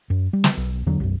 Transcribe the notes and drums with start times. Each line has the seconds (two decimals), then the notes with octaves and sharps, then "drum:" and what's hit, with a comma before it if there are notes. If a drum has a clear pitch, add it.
0.10 F#2
0.33 G3
0.44 drum: snare
0.57 B1
0.86 E2 D3 F#3
1.00 B1 F#2